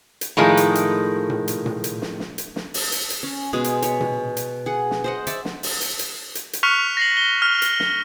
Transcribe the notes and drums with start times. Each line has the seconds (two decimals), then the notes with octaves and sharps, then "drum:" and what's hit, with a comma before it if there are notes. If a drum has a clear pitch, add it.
0.21 drum: hi-hat
0.37 A2 D#3 F3 G#3
0.57 drum: hi-hat
0.75 drum: hi-hat
1.30 drum: tom A#2
1.48 drum: hi-hat
1.66 drum: tom A#2
1.84 drum: hi-hat
2.02 drum: snare
2.20 drum: snare
2.38 drum: hi-hat
2.56 drum: snare
2.74 drum: open hi-hat
2.92 drum: hi-hat
3.10 drum: hi-hat
3.23 C#4
3.53 B2 G#3 G#4 C6
3.64 drum: hi-hat
3.82 C#5 B5, drum: hi-hat
4.00 drum: tom A#2
4.37 drum: hi-hat
4.66 G#4 F#5
4.91 drum: snare
5.04 C5 D#5 F#5
5.27 D5 E5 F#5, drum: hi-hat
5.45 drum: snare
5.63 drum: open hi-hat
5.81 drum: hi-hat
5.99 drum: hi-hat
6.35 drum: hi-hat
6.53 drum: hi-hat
6.63 C#6 F6 F#6 B6 C#7 F7
6.97 A#6 C7 F#7
7.17 G7
7.42 F6 F7
7.62 drum: hi-hat
7.80 drum: snare